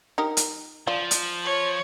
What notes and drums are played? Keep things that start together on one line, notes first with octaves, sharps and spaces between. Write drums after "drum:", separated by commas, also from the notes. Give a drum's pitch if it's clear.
D#4 G4 A#4
drum: hi-hat
F3 F4 D5
drum: hi-hat
C#5